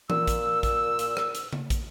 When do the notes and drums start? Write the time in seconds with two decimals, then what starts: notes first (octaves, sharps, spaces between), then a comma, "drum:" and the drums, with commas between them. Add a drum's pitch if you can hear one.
0.10 A#2 E6, drum: tom E3
0.28 drum: kick, hi-hat
0.63 drum: kick, hi-hat
0.99 drum: hi-hat
1.17 drum: rim click
1.35 drum: hi-hat
1.53 drum: tom C#3
1.70 drum: kick, hi-hat